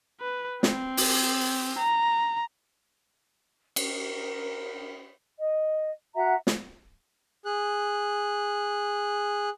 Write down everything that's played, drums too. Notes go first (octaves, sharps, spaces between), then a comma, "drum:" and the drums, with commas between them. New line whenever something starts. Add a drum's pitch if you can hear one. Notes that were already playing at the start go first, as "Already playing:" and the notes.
B4
C4, drum: snare
drum: open hi-hat
A#5
A#4, drum: cymbal
D#5
F#4 E5 F#5 A#5
drum: snare
G#4 F#6